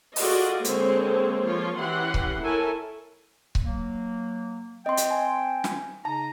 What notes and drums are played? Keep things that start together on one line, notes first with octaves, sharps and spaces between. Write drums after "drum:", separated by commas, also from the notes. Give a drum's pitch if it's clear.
F4 F#4 G#4 A4 D5 D#5, drum: open hi-hat
D3 G#3 A#3 C4 A4 C#5, drum: hi-hat
F3 A#3 F4 C#5
E3 C#4 G4 F#5 C6
drum: kick C#1
E4 A4 A#4 C#5 G#5 A5
drum: kick C#1
F#3 A#3
C4 D#5 G5 C6
drum: hi-hat
G#5
drum: snare
C#3 D#4 A5 A#5